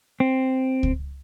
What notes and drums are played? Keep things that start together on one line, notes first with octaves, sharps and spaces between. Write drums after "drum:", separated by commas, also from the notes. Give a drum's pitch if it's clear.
C4
drum: kick C#2